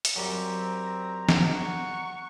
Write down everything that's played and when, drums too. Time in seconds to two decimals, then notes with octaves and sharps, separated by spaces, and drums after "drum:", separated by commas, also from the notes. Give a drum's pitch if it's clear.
0.05 drum: hi-hat
0.16 F#2 G3 C4 A#5
1.29 drum: snare
1.54 F#5 C#6